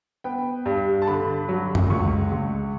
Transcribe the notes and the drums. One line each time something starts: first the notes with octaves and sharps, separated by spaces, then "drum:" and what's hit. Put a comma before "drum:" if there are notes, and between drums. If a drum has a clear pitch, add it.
B3 G5
G2
A5
D3 B5
F#3
drum: tom F#2
C#2 C#6
C#2